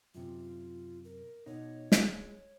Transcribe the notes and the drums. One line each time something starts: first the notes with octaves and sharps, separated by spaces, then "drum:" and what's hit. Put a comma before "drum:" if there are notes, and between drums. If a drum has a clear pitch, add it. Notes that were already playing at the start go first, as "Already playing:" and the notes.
F#2 C3 F4
A#4
B2 D#4 C#5
G#3, drum: snare